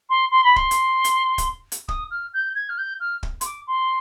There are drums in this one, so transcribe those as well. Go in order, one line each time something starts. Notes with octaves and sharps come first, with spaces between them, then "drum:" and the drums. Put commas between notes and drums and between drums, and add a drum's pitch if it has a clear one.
C6
C6
B5
C6, drum: kick
drum: hi-hat
drum: hi-hat
drum: kick, hi-hat
drum: hi-hat
D#6, drum: kick
F6
G6
G#6
F6
G6
F6
drum: kick
C6, drum: hi-hat
D6
C6